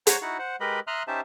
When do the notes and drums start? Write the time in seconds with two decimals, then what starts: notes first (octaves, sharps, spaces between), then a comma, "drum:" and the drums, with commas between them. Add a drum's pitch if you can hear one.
0.07 C5 C#5 F#5 A#5, drum: hi-hat
0.22 D#4 E4 F#4 F#5
0.39 C5 F#5
0.60 G#3 G4 A#4 B4 D#5 B5
0.87 E5 A#5 C6 D#6 F6 F#6
1.08 C#4 D#4 G4 C5 E5 A5